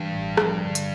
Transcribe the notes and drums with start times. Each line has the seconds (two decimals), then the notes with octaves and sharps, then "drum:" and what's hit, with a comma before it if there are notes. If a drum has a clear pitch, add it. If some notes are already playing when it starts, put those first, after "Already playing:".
Already playing: G2 E3
0.12 A2
0.37 F3, drum: rim click
0.63 D3
0.75 drum: hi-hat